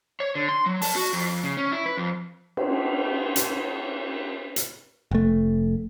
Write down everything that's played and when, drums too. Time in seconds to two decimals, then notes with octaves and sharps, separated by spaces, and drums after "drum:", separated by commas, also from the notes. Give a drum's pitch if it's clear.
0.20 C#5
0.35 D3
0.49 C6
0.66 F#3
0.82 A5, drum: open hi-hat
0.96 F#4
1.13 F2
1.44 C#3
1.57 C#4
1.72 E4
1.86 B4
1.97 F2
2.57 drum: cymbal
3.36 drum: hi-hat
4.56 drum: hi-hat
5.11 F1 A3